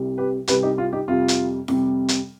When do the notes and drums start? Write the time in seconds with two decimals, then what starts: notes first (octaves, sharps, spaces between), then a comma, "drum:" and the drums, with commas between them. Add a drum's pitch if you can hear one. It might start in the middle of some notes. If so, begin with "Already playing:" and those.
Already playing: C2 C3 G3
0.18 G4 B4
0.48 C2 C3 G3 G4 B4, drum: hi-hat
0.63 D#4 G4
0.78 F4
0.93 D#4 G4
1.08 F2 C3 G3 F4
1.28 drum: hi-hat
1.68 F2 C3 G3, drum: snare E4
2.08 drum: hi-hat